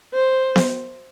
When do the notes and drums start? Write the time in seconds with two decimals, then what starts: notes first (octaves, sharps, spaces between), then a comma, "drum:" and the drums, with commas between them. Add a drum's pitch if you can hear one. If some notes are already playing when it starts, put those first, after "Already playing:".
0.14 C5
0.56 drum: snare B3